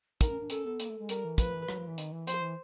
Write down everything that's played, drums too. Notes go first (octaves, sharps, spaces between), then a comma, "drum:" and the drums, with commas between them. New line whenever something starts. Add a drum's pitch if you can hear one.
D#4 A#4, drum: kick, hi-hat
C#4
D4
C#4 A4, drum: hi-hat
B3
A#3, drum: hi-hat
A3
G#3
G3 A#4, drum: hi-hat
E3
F3 B4, drum: kick, hi-hat
E3
F#3, drum: rim click
F3
E3
D#3, drum: hi-hat
E3
F3 C5, drum: hi-hat
E3